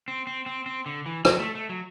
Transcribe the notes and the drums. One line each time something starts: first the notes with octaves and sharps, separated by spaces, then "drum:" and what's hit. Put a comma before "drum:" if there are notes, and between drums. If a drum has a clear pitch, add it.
C4
C4
C4
C4
D3
E3
F#3, drum: rim click
A3
A3
F#3